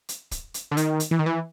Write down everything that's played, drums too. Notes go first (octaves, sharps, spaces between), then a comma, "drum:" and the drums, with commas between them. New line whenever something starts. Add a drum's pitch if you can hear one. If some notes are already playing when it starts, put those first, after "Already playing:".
drum: hi-hat
drum: kick, hi-hat
drum: hi-hat
D3
D#3, drum: hi-hat
drum: hi-hat
E3
D#3
E3